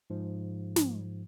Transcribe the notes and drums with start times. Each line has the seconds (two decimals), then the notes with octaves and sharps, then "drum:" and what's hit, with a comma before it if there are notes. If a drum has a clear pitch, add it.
0.10 G#2 F3
0.76 drum: snare